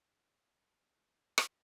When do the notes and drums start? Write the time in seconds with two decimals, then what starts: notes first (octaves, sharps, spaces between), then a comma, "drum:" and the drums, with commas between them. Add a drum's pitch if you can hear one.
0.17 A3 A#3 D4 E4 F4 G4
1.38 drum: rim click